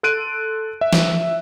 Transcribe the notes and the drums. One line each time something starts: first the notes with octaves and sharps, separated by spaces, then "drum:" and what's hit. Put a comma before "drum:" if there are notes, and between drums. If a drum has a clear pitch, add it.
A4 C6 F#6 D7 D#7
E5
drum: snare